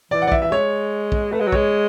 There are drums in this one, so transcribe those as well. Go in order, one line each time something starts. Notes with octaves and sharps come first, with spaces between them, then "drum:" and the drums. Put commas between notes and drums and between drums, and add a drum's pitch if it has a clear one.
E3 D5
F#5
D5
E5, drum: kick
E5
G#3 C#5
drum: kick
A3 B4
G#3
F#3
G#3 C#5, drum: kick